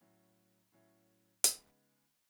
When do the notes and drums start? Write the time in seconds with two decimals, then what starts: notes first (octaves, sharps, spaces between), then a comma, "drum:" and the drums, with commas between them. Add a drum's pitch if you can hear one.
0.01 A2 F#3 C#4 E4
0.72 A2 F#3 C#4 E4
1.44 C#3 G#3 B3 D#4, drum: hi-hat